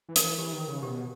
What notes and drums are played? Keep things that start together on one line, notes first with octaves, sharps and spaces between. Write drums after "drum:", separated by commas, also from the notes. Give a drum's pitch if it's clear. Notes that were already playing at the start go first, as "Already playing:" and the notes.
E3
A#4, drum: hi-hat
E3
E3 G4
D#3
A#4
C#3
B2 G4